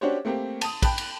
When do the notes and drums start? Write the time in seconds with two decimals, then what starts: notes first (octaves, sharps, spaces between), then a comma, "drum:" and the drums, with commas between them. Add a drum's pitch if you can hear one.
0.01 C#4 D4 F#4 G4 C5 C#5
0.25 A3 A#3 C4 G4
0.61 A5 D#6, drum: cymbal
0.82 G5 A5 B5 F#6, drum: kick, cymbal
0.98 drum: cymbal